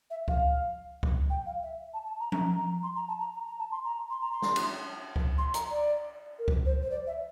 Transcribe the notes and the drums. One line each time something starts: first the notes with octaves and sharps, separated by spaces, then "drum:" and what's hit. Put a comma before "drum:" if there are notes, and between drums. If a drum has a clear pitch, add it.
E5
F5, drum: kick C#2
drum: kick C#2
G5
F5
E5
A5
A5
A#5
A#5, drum: tom F3
A#5
C6
A#5
A5
A#5
A#5
A#5
A5
C6
A#5
C6
A#5
C6
drum: snare
drum: cymbal
drum: kick C#2
C6
A#5, drum: hi-hat
D5
A#4
drum: kick C#2
C5
C5
D5
E5